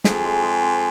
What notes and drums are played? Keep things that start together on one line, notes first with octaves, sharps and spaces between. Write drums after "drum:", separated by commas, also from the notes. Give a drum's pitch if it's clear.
F2 G#4, drum: snare
G#3
G#3
C4